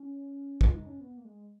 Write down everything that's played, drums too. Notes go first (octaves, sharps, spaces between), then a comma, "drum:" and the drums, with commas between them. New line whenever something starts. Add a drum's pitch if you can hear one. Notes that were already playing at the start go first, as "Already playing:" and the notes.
Already playing: C#4
F4, drum: kick
D#4
C#4
B3
A#3
G#3